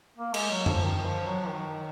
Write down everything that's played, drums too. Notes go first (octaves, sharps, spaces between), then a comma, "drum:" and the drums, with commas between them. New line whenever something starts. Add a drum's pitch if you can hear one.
A#3
G#3, drum: cymbal
F#3
F3, drum: tom F#2
D#3
F3
F#3
D#3